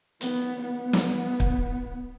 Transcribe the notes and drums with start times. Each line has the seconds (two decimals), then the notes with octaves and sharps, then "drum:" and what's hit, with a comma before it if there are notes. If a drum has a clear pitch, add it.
0.21 B3, drum: hi-hat
0.62 B3
0.93 drum: snare
1.40 drum: kick